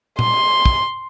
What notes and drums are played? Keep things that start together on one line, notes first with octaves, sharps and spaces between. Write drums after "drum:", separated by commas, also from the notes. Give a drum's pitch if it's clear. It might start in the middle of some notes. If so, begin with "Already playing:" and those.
C6, drum: tom A#2
drum: kick